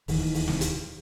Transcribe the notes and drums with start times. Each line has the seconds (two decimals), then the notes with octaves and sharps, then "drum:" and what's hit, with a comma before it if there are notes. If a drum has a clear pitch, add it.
0.08 D1 D#2 D#3 E3, drum: open hi-hat
0.34 drum: open hi-hat
0.48 drum: snare
0.61 drum: hi-hat